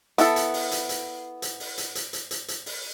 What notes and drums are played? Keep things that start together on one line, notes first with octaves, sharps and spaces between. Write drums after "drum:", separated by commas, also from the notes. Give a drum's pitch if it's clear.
B3 E4 A4, drum: hi-hat
drum: hi-hat
drum: open hi-hat
drum: hi-hat
drum: hi-hat
drum: hi-hat
drum: open hi-hat
drum: hi-hat
drum: hi-hat
drum: hi-hat
drum: hi-hat
drum: hi-hat
drum: open hi-hat